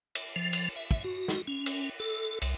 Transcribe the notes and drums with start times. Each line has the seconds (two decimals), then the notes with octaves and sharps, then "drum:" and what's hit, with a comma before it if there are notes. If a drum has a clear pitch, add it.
0.15 drum: cymbal
0.36 F3
0.53 drum: cymbal
0.76 E5
0.91 drum: kick
1.04 F#4
1.28 drum: snare
1.47 C#4
1.66 drum: cymbal
2.00 A4
2.42 C2, drum: cymbal